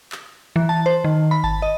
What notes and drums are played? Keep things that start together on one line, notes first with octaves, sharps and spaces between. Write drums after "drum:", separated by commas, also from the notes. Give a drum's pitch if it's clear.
drum: clap
E3
A5
C5
D#3
B5
A5, drum: kick G1
D#5